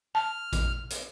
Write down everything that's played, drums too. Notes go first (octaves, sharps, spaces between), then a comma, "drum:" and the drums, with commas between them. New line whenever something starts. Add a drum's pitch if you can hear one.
A5 F6
drum: kick A1, hi-hat
drum: hi-hat